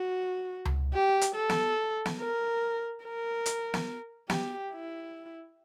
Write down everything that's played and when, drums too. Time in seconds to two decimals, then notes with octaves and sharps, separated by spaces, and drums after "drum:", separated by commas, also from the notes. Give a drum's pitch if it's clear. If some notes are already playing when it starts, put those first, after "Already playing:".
Already playing: F#4
0.65 drum: tom C#2
0.94 G4
1.21 drum: hi-hat
1.35 A4
1.49 drum: snare
2.06 drum: snare
2.20 A#4
3.04 A#4
3.46 drum: hi-hat
3.74 drum: snare
4.30 G4, drum: snare
4.72 E4